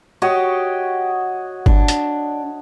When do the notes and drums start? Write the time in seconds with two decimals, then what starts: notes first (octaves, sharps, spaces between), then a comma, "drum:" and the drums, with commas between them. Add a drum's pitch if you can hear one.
0.22 F#4 G4 C#5 D#5
1.66 D4, drum: kick G1
1.88 drum: hi-hat